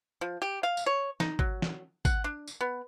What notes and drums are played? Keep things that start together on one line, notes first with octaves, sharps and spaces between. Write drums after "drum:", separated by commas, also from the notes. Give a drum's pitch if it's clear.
F3
G4
F5
drum: tambourine
C#5
D#4, drum: snare
F#3, drum: kick G#1
drum: snare
F#5, drum: kick G#1, tambourine
D4
drum: tambourine
B3